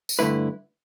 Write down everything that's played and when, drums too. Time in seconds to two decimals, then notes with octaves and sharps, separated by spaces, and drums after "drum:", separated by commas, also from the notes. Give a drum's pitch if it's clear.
0.09 drum: tambourine
0.19 G2 D3 A3 E4 B4